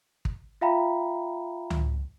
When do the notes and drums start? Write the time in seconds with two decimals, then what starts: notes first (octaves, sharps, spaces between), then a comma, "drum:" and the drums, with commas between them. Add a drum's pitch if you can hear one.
0.25 drum: kick
0.61 F4 E5 F5 G5 A#5 B5
1.70 drum: tom C#2